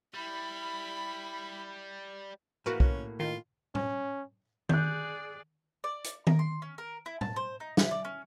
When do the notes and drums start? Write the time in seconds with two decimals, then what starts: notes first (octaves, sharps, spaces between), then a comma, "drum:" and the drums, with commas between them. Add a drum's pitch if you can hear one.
0.14 G3 E4 B5
2.66 A2 E3 A#3 F#4 A#4 B4
2.80 C#4, drum: kick B1
3.20 D#3 F4
3.75 C#4, drum: tom A2
4.69 G#4 D5 F#6 G6, drum: tom D#3
5.84 D5
6.04 drum: hi-hat
6.27 A#4, drum: tom D#3
6.39 C6
6.62 C#4
6.78 A#4
7.06 E4
7.21 A5, drum: tom A2
7.36 C5
7.60 D#4
7.77 E4, drum: snare
7.91 D5
8.05 C#4